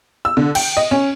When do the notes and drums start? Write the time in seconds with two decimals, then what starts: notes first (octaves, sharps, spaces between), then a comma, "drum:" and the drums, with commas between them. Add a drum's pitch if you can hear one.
0.25 E6
0.37 D3
0.55 G5, drum: cymbal
0.77 D#5
0.91 C#4